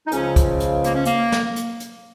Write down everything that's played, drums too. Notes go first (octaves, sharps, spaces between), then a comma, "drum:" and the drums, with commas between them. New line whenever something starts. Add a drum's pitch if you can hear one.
D#4
C#2 C#3 F3 C#4, drum: hi-hat
drum: kick, hi-hat
drum: hi-hat
A#3, drum: hi-hat
C#4
A#3, drum: hi-hat
drum: snare
drum: hi-hat
drum: hi-hat